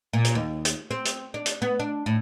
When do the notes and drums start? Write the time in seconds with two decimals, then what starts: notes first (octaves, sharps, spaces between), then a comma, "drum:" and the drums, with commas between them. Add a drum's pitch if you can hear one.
0.13 A#2
0.25 drum: hi-hat
0.35 D#2
0.65 drum: hi-hat
0.91 C4
1.05 drum: hi-hat
1.34 D4
1.46 drum: hi-hat
1.62 B3
1.80 D4
2.06 A2